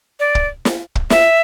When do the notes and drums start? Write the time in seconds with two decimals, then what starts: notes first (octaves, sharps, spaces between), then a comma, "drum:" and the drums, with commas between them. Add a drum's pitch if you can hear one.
0.20 D5
0.35 drum: kick
0.65 drum: snare
0.95 drum: kick
1.10 E5, drum: snare